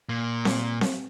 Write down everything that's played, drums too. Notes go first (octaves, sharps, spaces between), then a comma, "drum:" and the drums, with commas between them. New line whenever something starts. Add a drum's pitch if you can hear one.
A#2
drum: snare C4
drum: snare C4